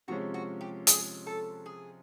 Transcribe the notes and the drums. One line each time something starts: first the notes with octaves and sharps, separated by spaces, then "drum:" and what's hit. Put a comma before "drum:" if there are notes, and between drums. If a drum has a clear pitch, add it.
C3 F3 G#3 C#4 F#4
F#4
G4
G#4, drum: hi-hat
A4
G#4